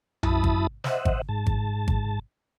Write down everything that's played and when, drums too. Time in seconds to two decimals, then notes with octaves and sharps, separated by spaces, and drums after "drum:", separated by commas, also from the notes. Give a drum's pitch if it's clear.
0.23 F#2 E4 A5 B5 D#6, drum: tom B1
0.44 drum: kick G#1
0.84 C5 D#5 E5 F#5, drum: snare
1.05 drum: kick G#1
1.29 G#2 A5
1.46 drum: kick G#1
1.88 drum: kick G#1